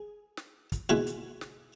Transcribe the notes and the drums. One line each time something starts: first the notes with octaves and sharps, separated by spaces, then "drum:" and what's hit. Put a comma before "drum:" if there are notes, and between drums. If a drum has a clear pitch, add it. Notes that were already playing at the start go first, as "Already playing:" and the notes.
Already playing: G#4
drum: snare
drum: kick, hi-hat
B2 G#3 E4 B4
drum: hi-hat
drum: snare